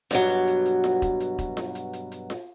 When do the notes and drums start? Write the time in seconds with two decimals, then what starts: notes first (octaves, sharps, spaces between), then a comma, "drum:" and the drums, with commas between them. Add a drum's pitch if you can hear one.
0.11 G2 B2 F#3, drum: snare F4
0.29 drum: hi-hat
0.47 drum: hi-hat
0.65 drum: hi-hat
0.84 drum: snare F4
1.02 drum: kick E1, hi-hat
1.20 drum: hi-hat
1.39 drum: kick E1, hi-hat
1.57 drum: snare F4
1.75 drum: hi-hat
1.93 drum: hi-hat
2.12 drum: hi-hat
2.30 drum: snare F4